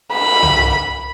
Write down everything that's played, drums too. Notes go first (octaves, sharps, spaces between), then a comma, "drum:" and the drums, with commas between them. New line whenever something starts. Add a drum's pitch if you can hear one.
B5
drum: tom